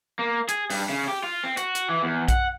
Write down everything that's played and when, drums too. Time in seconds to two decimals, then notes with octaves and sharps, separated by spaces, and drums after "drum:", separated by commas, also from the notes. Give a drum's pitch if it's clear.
0.19 A#3
0.49 G#4, drum: hi-hat
0.70 G2, drum: open hi-hat
0.89 C#3
1.08 G4
1.23 F4
1.44 C4
1.57 F#4, drum: hi-hat
1.75 drum: hi-hat
1.89 E3
2.03 E2
2.28 F#5, drum: kick A#1, hi-hat